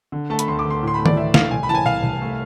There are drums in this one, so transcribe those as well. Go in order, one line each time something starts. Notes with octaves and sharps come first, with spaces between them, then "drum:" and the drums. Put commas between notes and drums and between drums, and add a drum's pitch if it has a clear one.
D3
A3 A5
B5, drum: hi-hat
D2 C6
D6
D2
C6
A2 C6
A3 B5
D5, drum: tom D#3
E3 E5
A2 F5, drum: snare
C2 G#5
B5
E3 A5
G#5
C2 F5
C2
A3